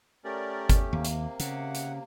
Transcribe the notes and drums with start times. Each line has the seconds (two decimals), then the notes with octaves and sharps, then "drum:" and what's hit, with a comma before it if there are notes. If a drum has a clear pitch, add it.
0.25 A3 C#4 G4 A#4 D5
0.69 drum: kick G1, hi-hat
0.93 D#2 C3 A#3
1.05 drum: hi-hat
1.40 C#3 F#5, drum: hi-hat
1.75 drum: hi-hat